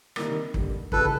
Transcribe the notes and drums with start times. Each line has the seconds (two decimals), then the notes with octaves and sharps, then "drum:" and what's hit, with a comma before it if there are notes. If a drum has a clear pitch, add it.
0.16 C3 D#3 G3 A#3, drum: rim click
0.54 G2 D3 G3, drum: kick
0.92 C#2 C#3 E3 G3 A4 B4, drum: kick